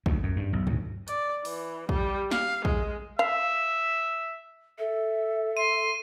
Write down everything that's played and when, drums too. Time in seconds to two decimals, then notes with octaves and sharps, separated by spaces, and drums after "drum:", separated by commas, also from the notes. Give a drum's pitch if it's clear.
0.06 D2, drum: kick
0.23 F#2
0.36 G2
0.53 B1
0.67 D2, drum: tom
1.08 D5, drum: hi-hat
1.45 E3, drum: open hi-hat
1.89 G3, drum: kick
2.31 F5, drum: snare
2.65 G#3, drum: kick
3.19 E5 F5
4.79 A4 E5
5.57 C6 D#7